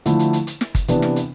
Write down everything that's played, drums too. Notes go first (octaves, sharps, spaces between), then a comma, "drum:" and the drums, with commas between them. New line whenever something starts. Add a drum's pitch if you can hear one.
D3 F3 A3 E4, drum: hi-hat
drum: hi-hat
drum: hi-hat
drum: hi-hat
drum: snare
drum: kick G1, hi-hat
C3 E3 B3 D4, drum: hi-hat
drum: snare
drum: hi-hat